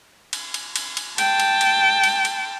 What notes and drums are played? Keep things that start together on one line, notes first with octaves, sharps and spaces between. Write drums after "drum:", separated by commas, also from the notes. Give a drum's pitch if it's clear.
drum: cymbal
drum: cymbal
drum: cymbal
drum: cymbal
G5 A5, drum: cymbal
drum: cymbal
drum: cymbal
drum: cymbal
drum: cymbal